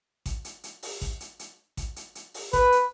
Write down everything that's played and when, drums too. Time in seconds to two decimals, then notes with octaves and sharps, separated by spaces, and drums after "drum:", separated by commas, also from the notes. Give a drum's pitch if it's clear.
0.26 drum: kick A1, hi-hat
0.45 drum: hi-hat
0.64 drum: hi-hat
0.82 drum: open hi-hat
1.01 drum: kick A1, hi-hat
1.20 drum: hi-hat
1.39 drum: hi-hat
1.77 drum: kick A1, hi-hat
1.96 drum: hi-hat
2.15 drum: hi-hat
2.34 drum: open hi-hat
2.53 B4, drum: kick A1, hi-hat
2.72 drum: hi-hat